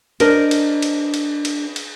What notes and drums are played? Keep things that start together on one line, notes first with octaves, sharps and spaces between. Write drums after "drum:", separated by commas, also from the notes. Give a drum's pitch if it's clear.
D4 A#4 C5 D#5, drum: cymbal
drum: cymbal
drum: cymbal
drum: cymbal
drum: cymbal
drum: cymbal